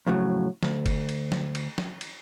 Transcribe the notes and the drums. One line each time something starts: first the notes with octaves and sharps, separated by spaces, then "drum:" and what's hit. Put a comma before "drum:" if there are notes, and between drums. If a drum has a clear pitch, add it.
F2 A2 C#3 F#3
D2, drum: snare
drum: kick F#1, cymbal
drum: cymbal
drum: snare
drum: cymbal
drum: snare
drum: cymbal